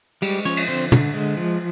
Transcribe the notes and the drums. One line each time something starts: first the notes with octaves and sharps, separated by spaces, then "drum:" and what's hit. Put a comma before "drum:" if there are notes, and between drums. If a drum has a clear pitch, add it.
G3 G#3 G4, drum: cymbal
F3 C#4 C#5
drum: cymbal
D3 C4 C5
D3, drum: tom
G#3
F3